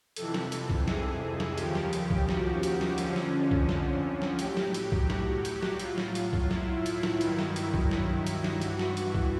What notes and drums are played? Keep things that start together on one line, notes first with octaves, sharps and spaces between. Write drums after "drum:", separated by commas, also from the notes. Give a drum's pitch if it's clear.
F2 C3 E3 A4, drum: hi-hat
drum: snare
drum: hi-hat
drum: kick C2
G#4, drum: snare
drum: snare
D#2 C#3 F3 G4, drum: hi-hat
drum: snare
drum: hi-hat
drum: kick C2
F#4, drum: snare
drum: hi-hat
drum: snare
F2 D3 F3 C#4, drum: hi-hat
drum: snare
drum: kick C2
drum: snare
drum: snare
A2 F#3 G4, drum: hi-hat
drum: snare
drum: hi-hat
drum: kick C2
F#4, drum: snare
drum: hi-hat
drum: snare
A2 F#3 F4, drum: hi-hat
drum: snare
drum: hi-hat
drum: kick C2
E4, drum: snare
E4, drum: hi-hat
drum: snare
G2 D#3 F#3, drum: hi-hat
drum: snare
drum: hi-hat
drum: kick C2
drum: snare
drum: hi-hat
drum: snare
G2 E3 F#4, drum: hi-hat
drum: snare
drum: hi-hat
drum: kick C2